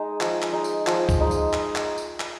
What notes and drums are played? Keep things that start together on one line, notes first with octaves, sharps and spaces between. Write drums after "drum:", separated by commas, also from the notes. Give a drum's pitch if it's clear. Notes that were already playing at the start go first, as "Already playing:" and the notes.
Already playing: G#3 D#4
F3, drum: clap
drum: clap
G#3 D#4
drum: tambourine
F3, drum: clap
drum: kick, tambourine
G#3 D#4
drum: tambourine
drum: clap
drum: clap
drum: tambourine
drum: clap